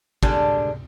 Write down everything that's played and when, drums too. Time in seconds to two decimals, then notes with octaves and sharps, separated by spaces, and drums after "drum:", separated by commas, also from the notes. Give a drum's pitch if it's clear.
0.23 D3 G3 G#3 D4, drum: kick